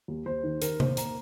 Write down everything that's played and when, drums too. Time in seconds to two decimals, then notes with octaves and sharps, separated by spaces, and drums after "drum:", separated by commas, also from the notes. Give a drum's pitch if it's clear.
0.08 D#2
0.26 D#2 C5
0.43 D#3
0.62 D#3 A#4, drum: hi-hat
0.80 A#3 C5, drum: tom C3
0.97 A#5, drum: hi-hat